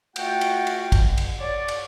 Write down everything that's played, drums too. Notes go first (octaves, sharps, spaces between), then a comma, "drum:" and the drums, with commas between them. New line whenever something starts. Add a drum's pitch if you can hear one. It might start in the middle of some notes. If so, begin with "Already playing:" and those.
A3 F4 F#4 F#5 G5, drum: cymbal
drum: cymbal
drum: cymbal
drum: kick, cymbal
drum: cymbal
C#5 D5
drum: cymbal